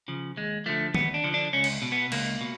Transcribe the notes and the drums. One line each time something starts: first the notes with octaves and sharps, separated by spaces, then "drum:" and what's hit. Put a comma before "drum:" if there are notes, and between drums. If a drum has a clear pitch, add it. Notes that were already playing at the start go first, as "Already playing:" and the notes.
C#3 F3
D#2 G#3
D3 F3 A3
D#2 B3, drum: tom E3
D4
D3 F3
D4
C#2 C#4
drum: cymbal
B2
B3
C#2 A#3, drum: cymbal
B2